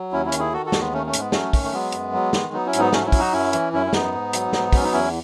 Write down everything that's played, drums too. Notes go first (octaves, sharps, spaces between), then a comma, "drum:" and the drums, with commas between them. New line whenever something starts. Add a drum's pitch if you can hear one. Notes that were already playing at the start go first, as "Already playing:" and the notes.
Already playing: F#3
D#2 C#4 E4
C#4 E4
D#3, drum: hi-hat
E4 G#4
D#3 F#4 A4
F#4 A4
D#2, drum: snare
G#3 B3
D#3 A3 C#4
A3 C#4
G#2, drum: hi-hat
G#3 B3
F#3 A3 C#4, drum: snare
D#3, drum: kick, open hi-hat
A3
F#3 G#3 B3
F#2, drum: hi-hat
F#3
D#3, drum: snare
F#3 B3 D#4
C#4 E4
G#2, drum: hi-hat
B3 D#4
F#3 A3 C#4, drum: snare
C#4 E4
F#3, drum: kick, open hi-hat
D#4 F#4
F#2 C#4 E4
E3, drum: hi-hat
F#2 C#4 E4
C#4
F#2 B3 D#4, drum: snare
G#2
F#3, drum: hi-hat
G#2, drum: snare
F#3 C#4, drum: kick, open hi-hat
D#4
E2 C#4 E4